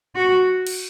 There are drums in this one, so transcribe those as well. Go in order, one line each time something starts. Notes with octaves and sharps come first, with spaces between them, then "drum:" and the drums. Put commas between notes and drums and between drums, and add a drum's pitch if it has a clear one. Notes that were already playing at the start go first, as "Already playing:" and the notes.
F#4
drum: cymbal